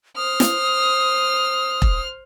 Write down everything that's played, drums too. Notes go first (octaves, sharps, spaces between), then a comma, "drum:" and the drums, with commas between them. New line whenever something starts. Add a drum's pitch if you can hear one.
C5 D#6 F6
drum: snare
drum: kick E1